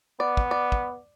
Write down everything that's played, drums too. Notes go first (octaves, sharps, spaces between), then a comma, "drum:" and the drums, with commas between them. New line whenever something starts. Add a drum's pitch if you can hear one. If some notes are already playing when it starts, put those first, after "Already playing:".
B3 D5
drum: kick
D5
drum: kick